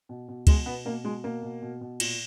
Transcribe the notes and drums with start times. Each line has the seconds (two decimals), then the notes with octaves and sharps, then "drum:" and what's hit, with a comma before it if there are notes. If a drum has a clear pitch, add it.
0.09 B2
0.28 B2
0.47 B2 G#3, drum: kick, cymbal
0.66 B2 B3
0.85 B2 A#3
1.04 B2 G#3
1.24 B2 A#3
1.43 B2
1.62 B2
1.81 B2
2.00 A#2, drum: cymbal